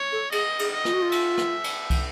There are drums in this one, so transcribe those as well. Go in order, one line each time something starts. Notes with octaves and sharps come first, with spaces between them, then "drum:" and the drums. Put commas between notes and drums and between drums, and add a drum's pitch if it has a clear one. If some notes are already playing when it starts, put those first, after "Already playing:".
Already playing: C#5
A4
G#4 D#5, drum: cymbal
G#4, drum: cymbal
D#5
F4, drum: rim click
F#4
F4
E5, drum: cymbal
drum: rim click
drum: cymbal
drum: kick, cymbal